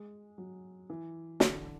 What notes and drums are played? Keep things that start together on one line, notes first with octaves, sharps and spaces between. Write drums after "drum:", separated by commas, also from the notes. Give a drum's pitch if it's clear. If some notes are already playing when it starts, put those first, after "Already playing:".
Already playing: G#3
F#3
E3
D3, drum: snare